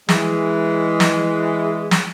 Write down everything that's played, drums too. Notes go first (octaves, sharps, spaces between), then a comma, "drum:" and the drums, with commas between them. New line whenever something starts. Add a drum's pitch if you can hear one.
E3 G#3, drum: snare
drum: snare
drum: snare